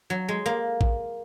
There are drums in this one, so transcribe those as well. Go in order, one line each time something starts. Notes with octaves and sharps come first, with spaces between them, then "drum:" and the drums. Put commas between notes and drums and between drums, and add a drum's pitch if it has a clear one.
F#3
G#3
A#3
drum: kick A#1